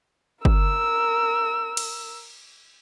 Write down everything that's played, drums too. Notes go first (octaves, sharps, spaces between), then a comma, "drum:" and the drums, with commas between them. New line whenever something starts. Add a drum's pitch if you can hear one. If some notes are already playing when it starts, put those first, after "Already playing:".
A#4 E6, drum: kick G1
drum: cymbal